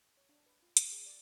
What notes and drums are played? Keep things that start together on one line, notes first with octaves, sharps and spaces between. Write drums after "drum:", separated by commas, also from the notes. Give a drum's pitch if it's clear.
C#5
D4
B4
F4
C6, drum: hi-hat
G#4
D5